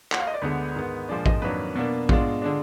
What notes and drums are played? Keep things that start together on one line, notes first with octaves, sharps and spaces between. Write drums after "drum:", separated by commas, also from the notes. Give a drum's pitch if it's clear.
F#5, drum: clap
F5
D#5
D5
D2 D3 G#3 B3 D4 B4
G#2 D#3 G#3 B3
A#2 F3 G#3 D4 D5
D#5, drum: kick A1
F2 D#3 F#3 A#3 D4 B4
B2 A#3 D4
B2 G#3 D4 F4, drum: kick A1
D3 G#3 D4